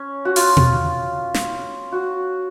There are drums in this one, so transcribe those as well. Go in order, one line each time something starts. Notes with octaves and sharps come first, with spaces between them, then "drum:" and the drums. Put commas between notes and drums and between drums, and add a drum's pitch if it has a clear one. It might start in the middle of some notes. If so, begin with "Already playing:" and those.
Already playing: C#4
F#4
F4, drum: open hi-hat
drum: tom B2
drum: snare
F#4